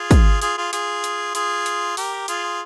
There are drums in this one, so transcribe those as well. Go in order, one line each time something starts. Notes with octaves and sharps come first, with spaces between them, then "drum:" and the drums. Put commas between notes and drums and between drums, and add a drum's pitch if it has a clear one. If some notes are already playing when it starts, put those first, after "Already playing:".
Already playing: F4 G#4
drum: kick, hi-hat
F4 G#4, drum: hi-hat
F4 G#4
F4 G#4, drum: hi-hat
drum: hi-hat
F4 G#4, drum: hi-hat
drum: hi-hat
G4 A#4, drum: open hi-hat
F4 G#4, drum: hi-hat